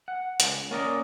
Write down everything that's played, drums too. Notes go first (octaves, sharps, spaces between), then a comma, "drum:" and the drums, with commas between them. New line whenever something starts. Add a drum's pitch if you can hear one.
F#5
C#2, drum: hi-hat
A#3 C#4 A#4 D5 D#5 A#5